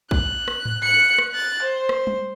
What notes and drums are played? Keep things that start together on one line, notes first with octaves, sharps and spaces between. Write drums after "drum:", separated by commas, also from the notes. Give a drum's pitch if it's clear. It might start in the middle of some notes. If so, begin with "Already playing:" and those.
F#6, drum: kick
drum: rim click
drum: tom A2
F#6 C#7
drum: rim click
F#6 A6
C5
drum: rim click
drum: tom G3